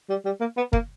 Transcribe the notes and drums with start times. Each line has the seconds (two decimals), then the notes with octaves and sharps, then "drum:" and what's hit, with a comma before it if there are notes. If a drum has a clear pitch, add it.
0.10 G3
0.25 G3
0.41 A#3
0.57 B3
0.73 A#3, drum: kick